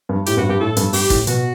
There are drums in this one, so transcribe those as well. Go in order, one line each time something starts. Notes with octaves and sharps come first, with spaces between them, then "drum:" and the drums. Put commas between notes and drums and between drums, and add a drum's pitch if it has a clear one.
G2
A2 G4, drum: hi-hat
G2 F#4
G2 G4
A2 A4
G2, drum: hi-hat
G2 G4, drum: open hi-hat
A2, drum: kick, hi-hat
B2 F#4, drum: hi-hat